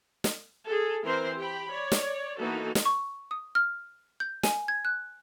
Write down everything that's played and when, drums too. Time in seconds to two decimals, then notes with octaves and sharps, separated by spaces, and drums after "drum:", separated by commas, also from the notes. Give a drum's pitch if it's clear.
0.24 drum: snare
0.66 G#4 A4
1.04 E3 C4 A#4 C5 C6
1.37 G4 G5 B5
1.71 C#5 D5
1.92 drum: snare
2.38 E3 A#3 B3 D#4 F#4 A4
2.75 drum: snare
2.85 C#6
3.31 D#6
3.55 F6
4.20 G6
4.43 G#5, drum: snare
4.68 G#6
4.85 F#6